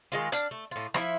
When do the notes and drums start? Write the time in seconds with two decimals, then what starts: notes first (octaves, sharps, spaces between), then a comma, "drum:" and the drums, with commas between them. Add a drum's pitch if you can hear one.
0.12 D#3 G#3 F4
0.32 D4 F5, drum: hi-hat
0.51 A3
0.71 A2 F4
0.94 F3 E4 E5, drum: rim click